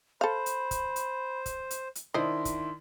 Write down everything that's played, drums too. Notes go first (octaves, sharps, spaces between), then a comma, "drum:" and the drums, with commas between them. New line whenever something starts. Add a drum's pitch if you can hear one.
A4 C5 F5 B5
drum: hi-hat
drum: kick, hi-hat
drum: hi-hat
drum: kick, hi-hat
drum: hi-hat
drum: hi-hat
D#3 D4 E4 C5 D#5 C6
drum: kick, hi-hat